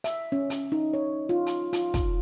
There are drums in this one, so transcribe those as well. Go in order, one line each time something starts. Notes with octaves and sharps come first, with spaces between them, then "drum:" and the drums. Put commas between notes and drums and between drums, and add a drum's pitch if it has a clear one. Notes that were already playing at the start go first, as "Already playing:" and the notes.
E5, drum: hi-hat
C#4
C#4, drum: hi-hat
D#4
C#5
F4
drum: hi-hat
F4, drum: hi-hat
drum: kick, hi-hat